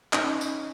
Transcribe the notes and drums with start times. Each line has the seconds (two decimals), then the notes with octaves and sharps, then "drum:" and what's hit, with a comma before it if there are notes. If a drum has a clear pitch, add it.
0.13 C#4 D#4, drum: clap
0.41 drum: tambourine